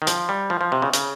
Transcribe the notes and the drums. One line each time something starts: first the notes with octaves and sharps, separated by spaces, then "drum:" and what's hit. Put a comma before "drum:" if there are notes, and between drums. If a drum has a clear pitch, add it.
D#3
F3, drum: hi-hat
G3
F3
F3
C3
C#3
C#3, drum: hi-hat